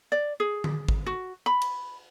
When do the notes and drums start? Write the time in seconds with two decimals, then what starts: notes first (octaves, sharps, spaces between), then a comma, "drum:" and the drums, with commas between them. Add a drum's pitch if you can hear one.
0.12 D5
0.40 G#4
0.64 drum: tom D3
0.89 drum: kick G#1
1.06 F#4
1.46 B5
1.62 drum: cymbal